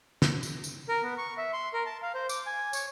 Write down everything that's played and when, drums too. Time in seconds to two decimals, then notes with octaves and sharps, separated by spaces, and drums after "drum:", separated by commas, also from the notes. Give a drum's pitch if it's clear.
0.22 drum: snare
0.43 drum: tambourine
0.64 drum: tambourine
0.89 A#4
1.03 B3
1.18 C#6
1.38 E5
1.53 C6
1.73 A#4
1.86 A5
2.02 F5
2.15 C5
2.29 D6, drum: tambourine
2.46 G#5
2.73 C#5, drum: tambourine